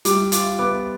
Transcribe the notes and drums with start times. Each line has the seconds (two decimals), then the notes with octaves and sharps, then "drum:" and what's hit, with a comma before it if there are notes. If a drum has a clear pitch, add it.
0.05 G3 D6, drum: hi-hat
0.32 F4 D6, drum: hi-hat
0.59 B3 D6